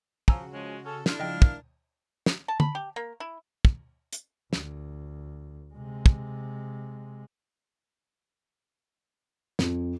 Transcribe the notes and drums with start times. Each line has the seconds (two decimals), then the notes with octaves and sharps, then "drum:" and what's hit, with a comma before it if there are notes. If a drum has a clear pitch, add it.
0.28 C#3 F3 F#4 G#5 A#5 E6, drum: kick
0.53 F3 G#3 C#4
0.85 C#4 A4
1.06 D4 E4 F4 A4 F6 G6, drum: snare
1.20 C#3 F3 G#3 D#5 F5 G5
1.42 A#4 A5, drum: kick
2.26 drum: snare
2.48 A5
2.60 B5, drum: tom
2.75 G4
2.96 A#3
3.20 E4
3.65 drum: kick
4.13 drum: hi-hat
4.53 D2, drum: snare
5.74 C3 G#3
6.06 drum: kick
9.59 F2, drum: snare